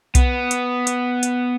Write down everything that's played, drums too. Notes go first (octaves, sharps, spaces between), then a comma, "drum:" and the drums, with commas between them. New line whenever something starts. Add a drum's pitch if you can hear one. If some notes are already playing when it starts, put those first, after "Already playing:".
B3, drum: kick B1, hi-hat
drum: hi-hat
drum: hi-hat
drum: hi-hat